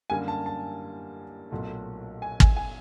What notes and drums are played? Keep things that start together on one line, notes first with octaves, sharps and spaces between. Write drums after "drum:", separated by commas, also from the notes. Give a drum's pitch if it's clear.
F#2 D3 G3 A#3 G#5
A5
A5
B1 A#2 F#3 A3
G#5
G#5, drum: kick
G#5